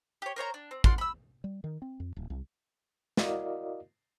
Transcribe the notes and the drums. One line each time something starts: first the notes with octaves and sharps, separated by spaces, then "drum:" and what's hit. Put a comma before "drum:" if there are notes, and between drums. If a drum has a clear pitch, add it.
G4 C#5
A#4 C5 C#5 A#5
D4
C4
F4 D5 F#5 C6, drum: kick
B5 E6
G3
D#3
C4
F2
D1
C2
E4 F#4 A#4 D5 D#5 F5, drum: snare